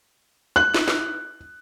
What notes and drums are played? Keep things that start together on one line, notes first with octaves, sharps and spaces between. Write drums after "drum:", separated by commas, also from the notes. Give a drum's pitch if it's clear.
F#6
drum: snare
drum: snare